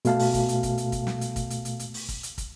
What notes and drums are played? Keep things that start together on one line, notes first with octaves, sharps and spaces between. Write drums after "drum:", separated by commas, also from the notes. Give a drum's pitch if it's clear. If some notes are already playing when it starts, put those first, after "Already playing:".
B2 A3 F5 A5, drum: hi-hat
drum: open hi-hat
drum: kick, hi-hat
drum: hi-hat
drum: kick, hi-hat
drum: hi-hat
drum: kick, hi-hat
drum: snare
drum: hi-hat
drum: kick, hi-hat
drum: hi-hat
drum: hi-hat
drum: hi-hat
drum: open hi-hat
drum: kick, hi-hat
drum: hi-hat
drum: kick, hi-hat